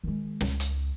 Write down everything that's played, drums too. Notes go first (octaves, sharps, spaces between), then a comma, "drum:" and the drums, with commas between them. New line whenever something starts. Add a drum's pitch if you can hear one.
D#3 G#3
C#2, drum: snare
drum: hi-hat